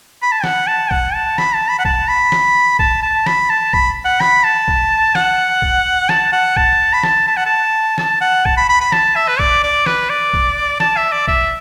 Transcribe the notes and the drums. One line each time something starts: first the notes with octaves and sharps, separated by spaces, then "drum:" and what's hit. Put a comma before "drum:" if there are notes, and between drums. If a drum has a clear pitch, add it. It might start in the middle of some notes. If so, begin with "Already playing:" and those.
B5
A5
F#5, drum: snare
A5
F#5, drum: kick A#1
A5
B5, drum: snare
A5
B5
F#5
A5, drum: kick A#1
B5
drum: snare
A5, drum: kick A#1
A5
B5, drum: snare
A5
B5, drum: kick A#1
F#5
B5, drum: snare
A5
drum: kick A#1
F#5, drum: snare
drum: kick A#1
A5, drum: snare
F#5
A5, drum: kick A#1
B5
A5, drum: snare
A5
F#5
A5
A5, drum: snare
F#5
A5, drum: kick A#1
B5
B5
B5
A5, drum: snare
E5
B4
D5, drum: kick A#1
D5
B4, drum: snare
D5
drum: kick A#1
A5, drum: snare
E5
D5
E5, drum: kick A#1